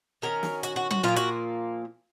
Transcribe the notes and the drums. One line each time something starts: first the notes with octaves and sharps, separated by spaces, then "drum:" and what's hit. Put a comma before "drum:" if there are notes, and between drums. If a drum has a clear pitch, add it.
D#3 F#3 C#4 A#4
drum: snare
F#4, drum: hi-hat
F#4
F#4, drum: tom F#3
A#2 F3 A#3 F4
F#4, drum: hi-hat